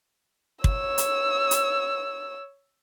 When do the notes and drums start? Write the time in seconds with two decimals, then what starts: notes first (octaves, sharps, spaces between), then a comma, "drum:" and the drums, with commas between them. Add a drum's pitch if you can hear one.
0.64 C#5 E6, drum: kick
0.98 drum: hi-hat
1.51 drum: hi-hat